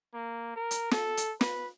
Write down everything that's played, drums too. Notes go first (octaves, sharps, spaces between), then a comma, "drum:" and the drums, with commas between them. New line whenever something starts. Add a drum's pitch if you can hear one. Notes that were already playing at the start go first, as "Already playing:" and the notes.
A#3
A#4
drum: hi-hat
A4, drum: snare
drum: hi-hat
B4, drum: snare